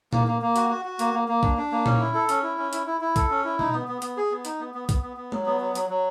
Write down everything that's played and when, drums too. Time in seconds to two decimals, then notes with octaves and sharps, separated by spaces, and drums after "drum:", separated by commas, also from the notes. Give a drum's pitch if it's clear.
0.13 A#3, drum: tom A#2
0.27 A#3
0.42 A#3
0.56 F#4, drum: hi-hat
0.70 F#4
0.85 F#4
0.99 A#3, drum: hi-hat
1.14 A#3
1.28 A#3
1.43 D4, drum: kick B1
1.57 D4
1.72 A#3
1.86 C#4, drum: tom A#2
2.00 E4
2.14 A4
2.29 C#4, drum: hi-hat
2.43 E4
2.58 C#4
2.73 E4, drum: hi-hat
2.86 E4
3.01 E4
3.16 A4, drum: kick B1, hi-hat
3.30 C#4
3.44 E4
3.59 D#4, drum: tom B2
3.73 B3
3.88 B3
4.02 B3, drum: hi-hat
4.17 G#4
4.31 B3
4.45 D#4, drum: hi-hat
4.60 B3
4.74 B3
4.89 B3, drum: kick B1, hi-hat
5.02 B3
5.17 B3
5.32 F#3, drum: tom G#3
5.46 B3
5.61 F#3
5.75 F#3, drum: hi-hat
5.89 F#3